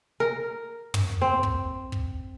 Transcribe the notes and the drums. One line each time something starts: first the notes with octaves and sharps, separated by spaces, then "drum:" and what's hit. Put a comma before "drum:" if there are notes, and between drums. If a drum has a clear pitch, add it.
A#4
drum: tom
C4
drum: kick
drum: kick